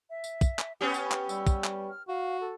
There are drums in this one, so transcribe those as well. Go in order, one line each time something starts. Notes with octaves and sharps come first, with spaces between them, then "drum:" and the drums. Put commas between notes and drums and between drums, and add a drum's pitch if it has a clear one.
E5
drum: tambourine
drum: kick, tambourine
drum: clap
B3 C#4 G4 G#5
drum: tambourine
drum: clap
G3 E6, drum: tambourine
drum: kick, tambourine
drum: clap
F6
F#4 F5
A4